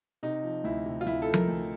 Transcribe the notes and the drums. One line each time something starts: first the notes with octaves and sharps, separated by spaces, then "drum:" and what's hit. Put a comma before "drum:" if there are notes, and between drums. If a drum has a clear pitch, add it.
C3 D#4
F3
D2 E4
C3
F4
D2 E4
F3 A4
A#4, drum: tom F3
D2